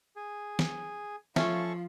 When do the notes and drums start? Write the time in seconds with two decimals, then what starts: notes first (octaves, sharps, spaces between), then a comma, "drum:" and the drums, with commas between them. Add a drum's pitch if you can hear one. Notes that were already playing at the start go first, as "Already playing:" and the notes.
0.16 G#4
0.59 drum: snare
1.36 F3 A3 C#4 F4 A5 C#6, drum: snare